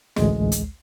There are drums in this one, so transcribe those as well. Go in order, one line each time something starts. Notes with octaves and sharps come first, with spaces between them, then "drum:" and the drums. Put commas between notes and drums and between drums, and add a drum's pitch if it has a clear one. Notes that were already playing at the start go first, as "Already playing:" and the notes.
A1 D2 G#3, drum: snare
drum: hi-hat